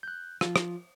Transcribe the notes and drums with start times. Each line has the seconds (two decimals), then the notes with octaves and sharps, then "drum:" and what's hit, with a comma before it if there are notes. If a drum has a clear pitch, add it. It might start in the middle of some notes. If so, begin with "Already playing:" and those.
0.03 F#6 G6
0.41 F3 F4, drum: rim click
0.56 drum: rim click